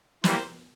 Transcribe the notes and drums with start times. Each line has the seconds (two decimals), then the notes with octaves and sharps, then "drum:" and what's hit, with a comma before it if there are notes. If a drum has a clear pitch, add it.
0.24 E3 G3 A#3 C5, drum: snare